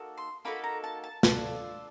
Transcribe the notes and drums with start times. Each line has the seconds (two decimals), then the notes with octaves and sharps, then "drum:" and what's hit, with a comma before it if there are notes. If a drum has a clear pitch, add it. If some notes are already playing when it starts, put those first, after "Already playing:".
Already playing: A#3 D#4 F#4 A4
0.18 C6
0.45 A#3 D#4 F#4 A4 B5
0.64 A#5
0.84 A5
1.04 A5
1.23 D4 F4 A4, drum: snare